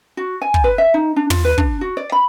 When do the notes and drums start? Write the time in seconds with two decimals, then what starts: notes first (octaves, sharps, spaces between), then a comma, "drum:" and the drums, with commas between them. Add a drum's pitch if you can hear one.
0.17 F#4
0.42 G#5
0.54 drum: kick
0.64 B4
0.78 E5
0.94 D#4
1.16 D4
1.30 F4, drum: tom
1.45 B4
1.58 D4, drum: kick
1.81 F#4
1.97 D5
2.12 B5